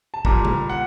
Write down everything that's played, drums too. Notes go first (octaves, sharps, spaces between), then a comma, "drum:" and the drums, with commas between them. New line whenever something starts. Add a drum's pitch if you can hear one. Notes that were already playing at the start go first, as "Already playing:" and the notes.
A5
A#2 G3 A#5, drum: kick
drum: tom C#3
F#5